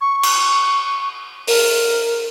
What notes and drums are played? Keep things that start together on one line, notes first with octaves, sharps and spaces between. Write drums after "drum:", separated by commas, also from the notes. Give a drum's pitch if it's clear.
C#6
drum: cymbal
A#4, drum: open hi-hat